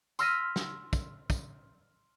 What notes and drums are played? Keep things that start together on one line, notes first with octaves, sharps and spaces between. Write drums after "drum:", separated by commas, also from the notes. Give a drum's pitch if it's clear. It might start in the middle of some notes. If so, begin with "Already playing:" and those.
C6 E6 F6 A#6 B6 D#7, drum: tambourine
drum: snare
drum: kick, tambourine
drum: kick, tambourine